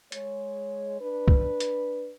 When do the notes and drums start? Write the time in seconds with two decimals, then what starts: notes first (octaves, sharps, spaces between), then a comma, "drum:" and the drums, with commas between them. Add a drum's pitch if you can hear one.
0.12 G#3 C#5, drum: hi-hat
1.00 D4 B4
1.28 drum: kick C2
1.60 drum: hi-hat